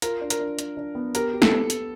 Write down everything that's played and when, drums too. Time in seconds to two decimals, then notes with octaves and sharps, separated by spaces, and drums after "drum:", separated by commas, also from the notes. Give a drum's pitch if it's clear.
0.02 F4 A#4, drum: hi-hat
0.21 D4
0.30 A#4, drum: hi-hat
0.40 D4
0.59 D4, drum: hi-hat
0.77 D4
0.95 B3
1.15 G4 A#4, drum: hi-hat
1.33 G4
1.42 A4, drum: snare
1.52 B3
1.70 B3, drum: hi-hat